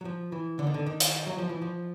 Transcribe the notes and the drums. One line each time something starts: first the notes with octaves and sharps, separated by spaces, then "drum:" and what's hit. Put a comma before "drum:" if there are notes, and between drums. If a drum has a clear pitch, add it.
F#3
F3
E3
D3
D#3
D3
D#3
drum: hi-hat
F#3
F3
E3
F3